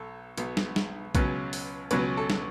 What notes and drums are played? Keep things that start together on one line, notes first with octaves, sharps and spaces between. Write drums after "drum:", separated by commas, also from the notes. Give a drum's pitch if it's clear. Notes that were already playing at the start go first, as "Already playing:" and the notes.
Already playing: B1 A4
B1 B2 B3, drum: hi-hat
drum: snare
drum: snare
C#2 B2 F#3 C#4 B4, drum: kick A#1, hi-hat
drum: open hi-hat
C#2 B2 F#3 C#4 B4, drum: hi-hat
A4
drum: snare